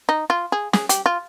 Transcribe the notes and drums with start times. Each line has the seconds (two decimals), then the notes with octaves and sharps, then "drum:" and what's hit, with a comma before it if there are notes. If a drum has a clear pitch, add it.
0.09 D#4
0.30 F4
0.52 G#4
0.73 G#4, drum: snare
0.89 G4, drum: hi-hat
1.06 F4